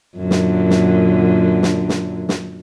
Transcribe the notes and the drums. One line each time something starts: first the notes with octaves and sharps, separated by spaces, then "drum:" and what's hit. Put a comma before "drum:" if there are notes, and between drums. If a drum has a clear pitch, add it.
F#2 A#2 D3
drum: snare
drum: snare
drum: snare
drum: snare
drum: snare